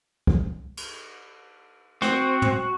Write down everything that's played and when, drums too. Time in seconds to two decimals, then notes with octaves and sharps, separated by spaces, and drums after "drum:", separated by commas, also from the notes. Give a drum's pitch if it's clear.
0.27 drum: kick
0.77 drum: cymbal
2.02 C4 F#4, drum: snare
2.42 drum: tom